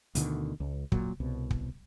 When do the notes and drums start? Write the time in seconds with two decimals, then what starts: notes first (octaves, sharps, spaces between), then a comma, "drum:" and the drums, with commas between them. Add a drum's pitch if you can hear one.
0.15 D2 B2 D3 D#3, drum: hi-hat
0.60 C#2
0.92 A#2 F#3, drum: kick
1.20 C2 B2
1.51 drum: kick